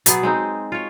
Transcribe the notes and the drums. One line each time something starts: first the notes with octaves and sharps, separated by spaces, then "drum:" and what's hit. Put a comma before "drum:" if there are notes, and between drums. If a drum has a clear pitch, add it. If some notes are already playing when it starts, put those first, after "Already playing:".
B2 F#3 B3 G#4, drum: hi-hat
G#3 C4 D#4
F4 C#5